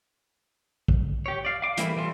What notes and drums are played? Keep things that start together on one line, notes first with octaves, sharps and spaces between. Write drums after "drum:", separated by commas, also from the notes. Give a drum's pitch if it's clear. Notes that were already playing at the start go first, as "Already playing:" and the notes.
drum: kick
G4 C#5
D5 F5
F5 D6
E3 G3 A3 A#3 E4, drum: hi-hat
E3 G3 A3 F4